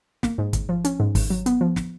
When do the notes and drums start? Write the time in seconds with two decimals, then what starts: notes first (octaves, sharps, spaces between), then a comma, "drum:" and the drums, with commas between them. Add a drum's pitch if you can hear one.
0.23 A#3, drum: snare
0.38 G#2
0.53 G#1, drum: kick, hi-hat
0.69 F3
0.85 C#4, drum: hi-hat
1.00 G#2
1.15 G#1, drum: kick, open hi-hat
1.30 F#3
1.46 B3, drum: hi-hat
1.61 F3
1.76 drum: snare